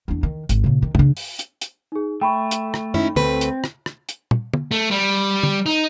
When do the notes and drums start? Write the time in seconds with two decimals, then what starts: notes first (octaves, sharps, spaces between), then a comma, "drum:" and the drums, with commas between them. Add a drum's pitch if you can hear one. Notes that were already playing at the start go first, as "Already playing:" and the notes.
0.08 E2 D4
0.23 D#3
0.49 G#1, drum: hi-hat
0.64 A#2 C#3
0.82 D#3
0.95 C#3 D4, drum: tom
1.17 drum: open hi-hat
1.39 drum: hi-hat
1.61 drum: hi-hat
1.92 D#4 G#4
2.21 A3 G5 B5 C#6
2.51 drum: hi-hat
2.74 drum: rim click
2.94 C#4 D#4 E4, drum: tom
3.16 D2 A3 C4 B4, drum: tom
3.41 drum: hi-hat
3.64 drum: rim click
3.86 drum: rim click
4.09 drum: hi-hat
4.31 drum: tom
4.54 drum: tom
4.71 A3
4.91 G3
5.43 drum: tom
5.66 D#4